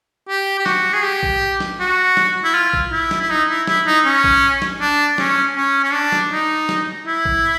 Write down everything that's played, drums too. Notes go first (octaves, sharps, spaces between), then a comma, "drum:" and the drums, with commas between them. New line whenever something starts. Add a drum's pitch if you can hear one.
G4
G4
F#4, drum: snare
G#4
G4
drum: kick A#1
drum: snare
F#4
drum: snare
E4
F4
drum: kick A#1
E4
drum: snare
E4
D#4
E4
E4, drum: snare
D#4
C#4
drum: kick A#1
drum: snare
D4
C#4, drum: snare
C#4
C#4
D4
drum: snare
D#4
drum: snare
E4
drum: kick A#1